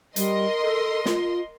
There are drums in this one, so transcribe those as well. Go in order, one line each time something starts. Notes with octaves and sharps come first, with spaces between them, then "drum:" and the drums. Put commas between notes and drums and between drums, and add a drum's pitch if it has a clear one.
G3 A#4 D#5 C6, drum: hi-hat
A4
F4, drum: snare